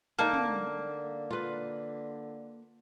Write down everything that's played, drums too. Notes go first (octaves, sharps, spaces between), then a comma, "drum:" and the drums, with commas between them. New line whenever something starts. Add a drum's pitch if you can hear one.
D3 A#3 D#4 A4
drum: tom
D3 F4 B4